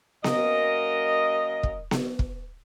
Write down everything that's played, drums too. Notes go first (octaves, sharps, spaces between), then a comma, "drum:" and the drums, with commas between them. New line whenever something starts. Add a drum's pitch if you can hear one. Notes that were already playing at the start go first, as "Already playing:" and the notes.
F#2 A#3 A#4 D#5, drum: snare B3
drum: kick
drum: snare B3
drum: kick